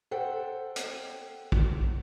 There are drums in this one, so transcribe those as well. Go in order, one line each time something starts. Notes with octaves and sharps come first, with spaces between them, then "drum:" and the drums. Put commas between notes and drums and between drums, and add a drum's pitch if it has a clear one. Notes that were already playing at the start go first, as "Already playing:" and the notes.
A4 C5 F#5 G5
drum: hi-hat
drum: kick